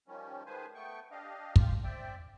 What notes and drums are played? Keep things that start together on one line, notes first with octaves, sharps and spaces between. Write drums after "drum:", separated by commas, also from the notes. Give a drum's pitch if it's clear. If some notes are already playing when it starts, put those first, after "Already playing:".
D#3 F3 G3 C#4
D#3 F3 G#3 B4 C5 G#5
A3 B3 G5 C#6
D4 G4 D#5 F5
F4 G4, drum: kick
C4 D5 E5 G5